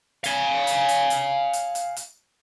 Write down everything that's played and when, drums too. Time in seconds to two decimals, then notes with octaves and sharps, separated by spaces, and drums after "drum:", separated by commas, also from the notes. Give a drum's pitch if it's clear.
0.24 F5 G#5, drum: hi-hat
0.67 drum: hi-hat
0.89 drum: hi-hat
1.10 drum: hi-hat
1.53 drum: hi-hat
1.75 drum: hi-hat
1.97 drum: hi-hat